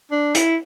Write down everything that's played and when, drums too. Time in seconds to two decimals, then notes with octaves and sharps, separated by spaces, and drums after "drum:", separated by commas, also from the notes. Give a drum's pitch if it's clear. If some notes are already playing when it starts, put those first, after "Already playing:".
0.11 D4
0.35 E4, drum: hi-hat